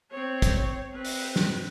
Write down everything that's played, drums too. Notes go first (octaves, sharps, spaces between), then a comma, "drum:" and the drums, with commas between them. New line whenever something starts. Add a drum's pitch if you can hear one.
C4 C#5
drum: kick, hi-hat
C4 B4
drum: open hi-hat
drum: snare